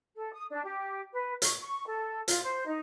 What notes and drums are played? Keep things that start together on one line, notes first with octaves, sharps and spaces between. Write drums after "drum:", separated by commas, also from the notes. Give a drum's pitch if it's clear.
A4
D#6
D4
G4
B4
C#6, drum: hi-hat
C#6
A4
F4, drum: hi-hat
C5
D#4